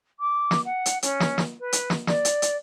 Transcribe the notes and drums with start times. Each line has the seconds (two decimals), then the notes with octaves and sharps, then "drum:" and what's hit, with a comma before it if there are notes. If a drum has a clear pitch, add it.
0.19 D6
0.51 drum: snare
0.65 F#5
0.86 drum: hi-hat
1.03 C#4, drum: hi-hat
1.20 drum: snare
1.38 drum: snare
1.59 B4
1.73 drum: hi-hat
1.90 drum: snare
2.07 D5, drum: snare
2.25 drum: hi-hat
2.42 drum: hi-hat